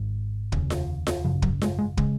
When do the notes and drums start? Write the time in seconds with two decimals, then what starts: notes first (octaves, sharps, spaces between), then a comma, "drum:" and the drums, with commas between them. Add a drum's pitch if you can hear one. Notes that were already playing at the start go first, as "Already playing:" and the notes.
Already playing: G#1 G#2
0.52 F1 D#2 C#3, drum: kick
0.70 drum: snare F4
1.07 drum: snare F4
1.24 G#1 F#2 C#3 F3
1.42 F#3, drum: kick
1.62 G#3, drum: snare F4
1.79 G#3
1.97 C#3 G#3, drum: kick